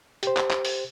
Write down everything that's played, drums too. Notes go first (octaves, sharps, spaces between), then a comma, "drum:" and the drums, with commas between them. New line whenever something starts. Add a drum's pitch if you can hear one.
G4 C5, drum: hi-hat
drum: clap
drum: clap
drum: open hi-hat